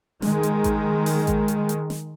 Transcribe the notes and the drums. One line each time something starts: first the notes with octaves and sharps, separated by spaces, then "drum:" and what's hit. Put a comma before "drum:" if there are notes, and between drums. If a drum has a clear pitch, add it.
D#3 G#3, drum: snare
drum: hi-hat
drum: kick A1, hi-hat
drum: open hi-hat
drum: kick A1, hi-hat
drum: hi-hat
drum: hi-hat
drum: snare